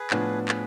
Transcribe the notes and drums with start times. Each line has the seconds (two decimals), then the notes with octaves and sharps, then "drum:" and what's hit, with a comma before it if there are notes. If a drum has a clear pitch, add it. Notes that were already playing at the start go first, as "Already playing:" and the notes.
Already playing: G#4 B4
0.10 A2 F3 B3 D4, drum: clap
0.48 G#4 B4, drum: clap